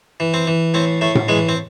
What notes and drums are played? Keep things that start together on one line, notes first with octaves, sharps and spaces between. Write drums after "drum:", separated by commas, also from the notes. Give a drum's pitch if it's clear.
E3
C4
E3
A2 C4
A2 A3
drum: tom A2
E3 G#3
C4